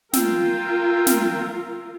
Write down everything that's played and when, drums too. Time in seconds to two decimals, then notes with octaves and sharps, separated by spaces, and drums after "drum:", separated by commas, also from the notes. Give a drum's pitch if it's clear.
0.13 F4 A#4 G5 E6, drum: snare
1.07 drum: snare